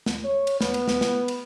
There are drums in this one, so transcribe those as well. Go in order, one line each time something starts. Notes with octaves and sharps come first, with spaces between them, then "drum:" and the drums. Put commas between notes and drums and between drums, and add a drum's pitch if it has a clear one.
drum: snare
C#5
drum: cymbal
B3, drum: snare
drum: cymbal
drum: snare
drum: snare
drum: cymbal